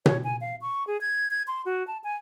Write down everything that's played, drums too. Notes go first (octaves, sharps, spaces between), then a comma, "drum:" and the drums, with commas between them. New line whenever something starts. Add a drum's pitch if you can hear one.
C#5, drum: tom B2
G#5
F5
C#6
G#4
G#6
G#6
C6
F#4
A5
G#5